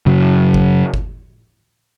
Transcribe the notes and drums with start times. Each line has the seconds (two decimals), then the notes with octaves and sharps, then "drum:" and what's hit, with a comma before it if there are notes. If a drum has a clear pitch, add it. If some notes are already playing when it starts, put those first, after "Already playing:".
0.06 F#2 C#3 F#3
0.54 drum: kick G1
0.94 drum: kick G1